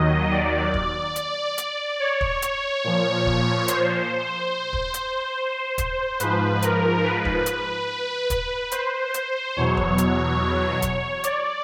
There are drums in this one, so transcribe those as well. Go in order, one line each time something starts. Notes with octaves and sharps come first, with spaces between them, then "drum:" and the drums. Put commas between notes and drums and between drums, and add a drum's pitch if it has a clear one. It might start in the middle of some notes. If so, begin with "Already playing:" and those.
Already playing: D#2 D#3 F#3 D#5
D5
drum: kick
drum: hi-hat
drum: hi-hat
C#5
drum: kick
C#5, drum: hi-hat
A#2 F3
drum: kick
C5, drum: hi-hat
drum: kick
drum: hi-hat
drum: kick, hi-hat
G#2 F3 B4, drum: hi-hat
A#4, drum: hi-hat
B4
drum: kick
drum: hi-hat
drum: kick, hi-hat
C5, drum: hi-hat
drum: hi-hat
E2 B2 F#3 C#5
drum: kick
drum: hi-hat
drum: kick, hi-hat
D5, drum: hi-hat